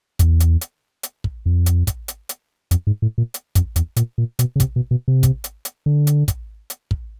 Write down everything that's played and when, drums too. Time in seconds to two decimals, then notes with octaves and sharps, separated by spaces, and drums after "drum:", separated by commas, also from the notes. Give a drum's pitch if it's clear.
0.19 E2, drum: kick, hi-hat
0.40 drum: hi-hat
0.61 drum: hi-hat
1.03 drum: hi-hat
1.24 drum: kick
1.46 F2
1.66 drum: hi-hat
1.87 drum: kick, hi-hat
2.08 drum: hi-hat
2.29 drum: hi-hat
2.71 F2, drum: hi-hat
2.87 G#2
3.02 A2
3.18 A#2
3.34 drum: hi-hat
3.55 F2, drum: kick, hi-hat
3.76 E2, drum: hi-hat
3.96 A#2, drum: hi-hat
4.18 A#2
4.39 B2, drum: hi-hat
4.56 C#3
4.60 C3, drum: kick, hi-hat
4.76 B2
4.91 B2
5.08 C3
5.23 drum: kick, hi-hat
5.44 drum: hi-hat
5.65 drum: hi-hat
5.86 D3
6.07 drum: hi-hat
6.28 drum: kick, hi-hat
6.70 drum: hi-hat
6.91 drum: kick